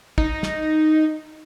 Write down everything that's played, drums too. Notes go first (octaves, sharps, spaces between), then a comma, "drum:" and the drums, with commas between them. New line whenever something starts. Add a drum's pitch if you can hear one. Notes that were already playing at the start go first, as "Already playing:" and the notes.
D#4, drum: kick
drum: snare